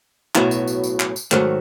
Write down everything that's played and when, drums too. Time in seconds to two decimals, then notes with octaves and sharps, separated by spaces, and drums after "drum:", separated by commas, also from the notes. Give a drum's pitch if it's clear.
0.35 B1 A2 F#3 B3 E4, drum: clap
0.51 drum: tambourine
0.67 drum: tambourine
0.84 drum: tambourine
1.00 drum: clap
1.16 drum: tambourine
1.31 G#2 D#3 F#3 A3, drum: clap